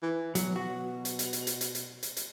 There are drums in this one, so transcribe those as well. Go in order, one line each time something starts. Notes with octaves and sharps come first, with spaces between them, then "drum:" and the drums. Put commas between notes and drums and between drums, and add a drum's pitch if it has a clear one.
E3
B2 F#3, drum: hi-hat
F#4
drum: hi-hat
drum: hi-hat
drum: hi-hat
drum: hi-hat
drum: hi-hat
drum: hi-hat
drum: hi-hat
drum: hi-hat